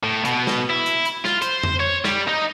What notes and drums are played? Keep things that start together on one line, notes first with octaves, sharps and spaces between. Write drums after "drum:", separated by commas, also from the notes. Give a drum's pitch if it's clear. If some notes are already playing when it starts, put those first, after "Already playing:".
A2
B2, drum: hi-hat
drum: snare
E4
drum: hi-hat
drum: hi-hat
F4, drum: snare
C5, drum: hi-hat
drum: tom F2
C#5
G3, drum: snare
D#4